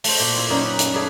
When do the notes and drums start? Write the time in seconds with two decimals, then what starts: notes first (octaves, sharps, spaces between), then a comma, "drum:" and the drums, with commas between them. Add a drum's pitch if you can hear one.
0.04 A3 C5, drum: open hi-hat
0.20 A#2
0.37 E4
0.50 F#2 C#4 D#4 A#4 D5
0.65 B4
0.79 drum: hi-hat
0.94 A3 G#4 A#4 B4 D5